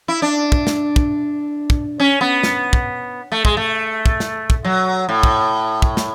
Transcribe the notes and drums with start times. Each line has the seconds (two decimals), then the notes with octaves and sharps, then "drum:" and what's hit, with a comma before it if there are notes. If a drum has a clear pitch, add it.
0.08 E4
0.22 D4
0.52 drum: kick
0.67 drum: snare
0.96 drum: kick
1.70 drum: kick
2.00 C#4
2.21 B3
2.43 drum: snare
2.73 drum: kick
3.32 A3
3.45 G#3, drum: kick
3.57 A3
4.06 drum: kick
4.20 drum: snare
4.50 drum: kick
4.65 F#3
5.09 A2
5.23 drum: kick
5.82 drum: kick
5.97 drum: snare